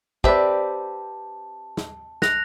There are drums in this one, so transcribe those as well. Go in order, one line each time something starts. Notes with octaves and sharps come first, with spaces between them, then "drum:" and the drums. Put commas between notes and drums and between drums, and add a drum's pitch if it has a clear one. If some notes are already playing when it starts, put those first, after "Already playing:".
C4 G4 B4 D5 E5 A5, drum: kick
drum: snare
F#6 A#6 F7, drum: snare